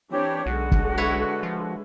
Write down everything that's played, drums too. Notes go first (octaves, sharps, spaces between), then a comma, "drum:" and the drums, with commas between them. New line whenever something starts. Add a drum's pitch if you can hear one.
E3 C4 D4 G4 C#5
B1 D3 G#3 F#4
drum: kick
E4 B4 C#5
F3